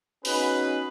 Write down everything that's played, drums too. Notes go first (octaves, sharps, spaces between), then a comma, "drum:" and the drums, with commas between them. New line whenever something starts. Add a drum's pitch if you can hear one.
B3 C#4 D#4 F#4 G#4 B4, drum: open hi-hat